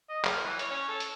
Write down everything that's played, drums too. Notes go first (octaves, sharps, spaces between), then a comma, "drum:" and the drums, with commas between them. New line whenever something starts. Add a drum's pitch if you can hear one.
D#5
F6, drum: clap
E3
C#5, drum: hi-hat
C#4
A4
drum: hi-hat